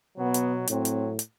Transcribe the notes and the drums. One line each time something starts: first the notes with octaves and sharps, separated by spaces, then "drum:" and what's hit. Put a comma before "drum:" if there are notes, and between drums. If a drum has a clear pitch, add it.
B2 F#3 B3
drum: hi-hat
A2 F#3 C4, drum: hi-hat
drum: hi-hat
drum: hi-hat